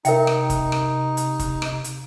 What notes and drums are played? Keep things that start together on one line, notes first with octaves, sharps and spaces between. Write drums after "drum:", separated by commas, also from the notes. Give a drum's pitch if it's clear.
C3 D#4 A#4 E5 G5, drum: hi-hat
drum: rim click
drum: kick, hi-hat
drum: rim click
drum: hi-hat
drum: kick, hi-hat
drum: rim click
drum: hi-hat